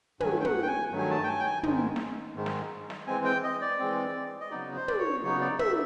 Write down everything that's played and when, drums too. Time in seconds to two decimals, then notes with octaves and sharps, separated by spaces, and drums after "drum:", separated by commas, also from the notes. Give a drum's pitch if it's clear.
0.20 G2 D#3 F#3 A3 G#5, drum: tom
0.40 G5
0.45 F#5, drum: tom
0.62 G5
0.67 G#5
0.91 G2 D#3 F#3 A3
0.98 G#5
1.11 A5
1.23 G5
1.28 G#5
1.39 G5
1.46 G#5
1.63 G#2 D#3 G#3, drum: tom
1.96 drum: snare
2.36 G#2 D#3 G#3
2.46 drum: snare
2.90 drum: snare
3.07 E3 G#3 C4 G#5
3.25 G5
3.44 D#5
3.61 D5
3.79 E3 G#3 C4
4.40 D#5
4.51 C#3 F#3 B3 D#4 D5
4.76 C5
4.88 D5, drum: tom
4.99 C#5
5.23 C#3 F#3 B3 D#4 C#5
5.41 D5
5.59 E5, drum: tom